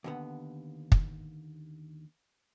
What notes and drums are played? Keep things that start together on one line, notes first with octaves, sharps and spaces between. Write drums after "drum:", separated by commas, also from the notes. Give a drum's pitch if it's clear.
D#2 D3 B3
drum: kick